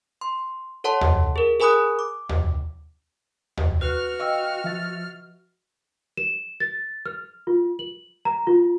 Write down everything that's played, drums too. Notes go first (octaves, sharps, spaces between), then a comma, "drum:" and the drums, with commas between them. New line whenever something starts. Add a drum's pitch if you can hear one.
C6
A4 C#5 F#5 A5 C6
drum: tom D#2
G#4 A#4
G#4 A#4 G#5 B5 D#6 F#6
D6
drum: tom D#2
drum: tom D#2
F#4 B4 F6
D#5 F5 G5 C#6 E6
F3 E5 A6
E7
A6
F6
F4
F#7
A#5
F4